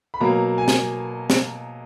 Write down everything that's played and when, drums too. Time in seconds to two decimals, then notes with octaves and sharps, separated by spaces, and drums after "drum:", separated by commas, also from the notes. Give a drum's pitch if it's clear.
0.14 B5
0.20 B2 F#3 A#3 A#5
0.58 G#5
0.68 drum: snare
1.30 drum: snare